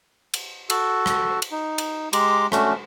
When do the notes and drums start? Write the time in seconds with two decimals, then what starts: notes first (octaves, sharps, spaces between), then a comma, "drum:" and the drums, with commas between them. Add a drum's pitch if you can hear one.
0.34 drum: cymbal
0.70 F#4 A4, drum: cymbal
1.06 drum: rim click
1.42 drum: cymbal
1.52 D#4
1.78 drum: cymbal
2.13 G#3 G4 A#5 C6 D6, drum: cymbal
2.52 A3 C#4 D4 F#4, drum: rim click